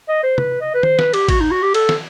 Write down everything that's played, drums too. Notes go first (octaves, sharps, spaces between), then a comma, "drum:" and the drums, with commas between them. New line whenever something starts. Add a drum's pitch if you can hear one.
D#5
C5
B4, drum: tom C3
D#5
B4
C5, drum: tom D#3
B4, drum: snare
G4, drum: cymbal
F#4, drum: kick G#1, cymbal
D#4
F#4
G4
A4, drum: cymbal
drum: snare